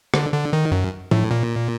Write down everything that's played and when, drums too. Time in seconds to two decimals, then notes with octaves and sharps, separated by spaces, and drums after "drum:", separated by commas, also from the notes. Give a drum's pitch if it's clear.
0.14 D3, drum: rim click
0.33 D3
0.53 D#3
0.72 F#2
1.11 A2, drum: tom F3
1.31 A#2